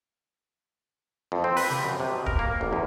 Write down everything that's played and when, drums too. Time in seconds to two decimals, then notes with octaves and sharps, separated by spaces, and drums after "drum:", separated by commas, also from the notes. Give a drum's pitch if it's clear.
1.32 F2
1.44 C4
1.57 B4, drum: open hi-hat
1.70 G4, drum: snare
1.83 F#2
2.00 C3
2.12 B2
2.26 A#4, drum: kick
2.39 A#3
2.61 A1
2.73 E2